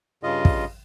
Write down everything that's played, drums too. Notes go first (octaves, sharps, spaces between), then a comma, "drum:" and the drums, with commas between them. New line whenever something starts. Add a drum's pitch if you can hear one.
G2 C#3 F4 D#5
drum: kick